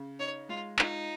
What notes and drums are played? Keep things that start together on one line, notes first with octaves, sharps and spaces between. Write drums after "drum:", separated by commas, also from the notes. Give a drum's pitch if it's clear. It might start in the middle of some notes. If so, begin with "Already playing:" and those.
Already playing: C#3
D#4 C#5
G#3 F4
D#4 F4, drum: clap